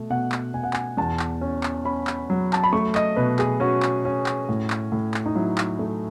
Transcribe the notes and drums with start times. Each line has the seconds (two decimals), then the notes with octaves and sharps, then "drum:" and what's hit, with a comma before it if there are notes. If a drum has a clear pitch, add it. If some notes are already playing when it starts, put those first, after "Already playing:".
Already playing: B2 A3
0.10 B2 F#5
0.32 drum: clap
0.54 B2 G#5
0.64 F#5
0.73 G#5, drum: clap
0.97 E2 A5
1.20 drum: clap
1.41 C#4
1.63 drum: clap
1.85 C#4 B5
2.07 drum: clap
2.30 F#3
2.53 A5, drum: clap
2.64 B5
2.73 A3 C#6
2.95 D#5, drum: clap
3.16 B2 B4
3.39 G#4, drum: clap
3.60 C#4 F#4
3.83 drum: clap
4.05 C#4
4.26 drum: clap
4.49 A2
4.70 drum: clap
4.92 A2
5.14 drum: clap
5.26 D#4
5.35 F#3 E4
5.58 drum: clap
5.79 A3